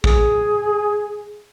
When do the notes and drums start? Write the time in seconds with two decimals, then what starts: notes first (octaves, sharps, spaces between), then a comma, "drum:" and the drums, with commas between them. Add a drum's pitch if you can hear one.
0.04 G#4, drum: kick